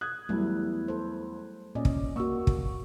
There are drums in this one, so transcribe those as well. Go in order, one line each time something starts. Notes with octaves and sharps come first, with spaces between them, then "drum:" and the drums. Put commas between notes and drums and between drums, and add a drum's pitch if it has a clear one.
D#6 F#6 G#6
E2 F#3 G3 A3 E4
A4 C5
A#2 C#4 D5 D#5
drum: kick
A#3 F#4 C#6 E6
drum: kick